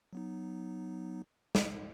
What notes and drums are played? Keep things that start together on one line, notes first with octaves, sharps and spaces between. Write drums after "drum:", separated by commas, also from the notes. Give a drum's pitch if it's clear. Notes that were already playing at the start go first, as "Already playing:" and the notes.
F#3 B3 D#4
drum: snare